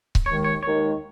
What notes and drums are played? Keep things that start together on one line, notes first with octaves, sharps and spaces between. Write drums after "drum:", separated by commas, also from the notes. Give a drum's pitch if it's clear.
drum: kick C#1
D#2 D#3 G#3 C#5
C#5
D#2 D#3 G#3 C#5